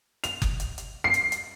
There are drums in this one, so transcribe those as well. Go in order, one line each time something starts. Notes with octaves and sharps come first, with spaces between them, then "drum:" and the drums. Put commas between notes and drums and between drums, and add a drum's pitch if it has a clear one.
F7, drum: hi-hat
drum: kick F#1, hi-hat
drum: hi-hat
drum: hi-hat
C7
drum: hi-hat
drum: hi-hat